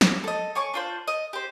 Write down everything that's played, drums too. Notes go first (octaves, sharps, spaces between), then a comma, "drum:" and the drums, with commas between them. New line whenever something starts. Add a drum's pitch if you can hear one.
drum: snare
A4 D#5
C#5 G#5 C#6 D6
D4 F4 C5
D#5
G4 C5